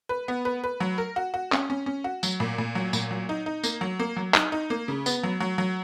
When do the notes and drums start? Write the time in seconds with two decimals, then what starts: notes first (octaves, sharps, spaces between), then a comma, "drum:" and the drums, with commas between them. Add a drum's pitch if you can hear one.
0.09 B4
0.28 B3
0.45 B4
0.64 B4
0.80 F#3
0.98 A#4
1.16 F#4
1.34 F#4
1.52 C#4, drum: clap
1.70 C#4
1.86 C#4
2.04 F#4
2.23 F#3, drum: tambourine
2.40 A#2
2.58 A#2
2.75 F#3
2.93 A#2, drum: tambourine
3.11 F#3
3.29 D#4
3.46 D#4
3.63 A#3, drum: tambourine
3.81 F#3
3.99 A#3
4.16 F#3
4.34 D#4, drum: clap
4.52 D#4
4.70 A#3
4.88 C#3
5.06 B3, drum: tambourine
5.23 F#3
5.40 F#3
5.58 F#3